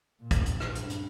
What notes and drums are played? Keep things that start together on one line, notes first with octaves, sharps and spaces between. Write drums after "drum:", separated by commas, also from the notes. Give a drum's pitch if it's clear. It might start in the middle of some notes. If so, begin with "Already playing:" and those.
A#2
drum: kick, hi-hat
drum: hi-hat
drum: rim click
G2, drum: hi-hat
drum: hi-hat